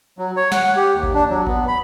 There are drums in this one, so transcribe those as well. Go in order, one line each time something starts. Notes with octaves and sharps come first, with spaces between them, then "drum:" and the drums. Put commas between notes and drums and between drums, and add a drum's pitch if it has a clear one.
F#3
C#5
F#5, drum: snare
F#5
G4
D#2
drum: kick G#1
D4
F#3
B3, drum: kick G#1
B5